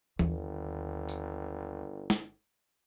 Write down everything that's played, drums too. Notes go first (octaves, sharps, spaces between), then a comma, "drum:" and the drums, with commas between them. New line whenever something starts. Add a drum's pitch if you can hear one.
G1 D#2, drum: tom E3
drum: tambourine
drum: snare